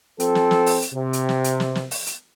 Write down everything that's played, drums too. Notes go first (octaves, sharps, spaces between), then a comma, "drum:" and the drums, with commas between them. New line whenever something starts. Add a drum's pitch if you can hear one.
F3 C4 A4, drum: hi-hat
drum: snare
drum: snare
drum: open hi-hat
drum: hi-hat
C3
drum: hi-hat
drum: snare
drum: hi-hat
drum: snare
drum: snare
drum: open hi-hat
drum: hi-hat